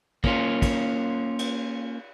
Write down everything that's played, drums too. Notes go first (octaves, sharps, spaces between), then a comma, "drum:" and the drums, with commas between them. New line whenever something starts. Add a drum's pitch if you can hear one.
A#3 C#4 F4, drum: kick
drum: kick, cymbal
drum: cymbal